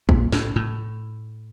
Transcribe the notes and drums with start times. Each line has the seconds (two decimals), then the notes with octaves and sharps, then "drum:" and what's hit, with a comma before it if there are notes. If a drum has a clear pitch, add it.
0.09 A#2, drum: kick
0.32 A2, drum: snare
0.56 A2